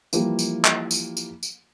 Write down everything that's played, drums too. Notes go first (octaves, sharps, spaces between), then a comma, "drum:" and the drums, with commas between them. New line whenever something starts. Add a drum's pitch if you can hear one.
E3 F3 G3 A#3, drum: tambourine
drum: tambourine
drum: clap
drum: tambourine
drum: tambourine
drum: tambourine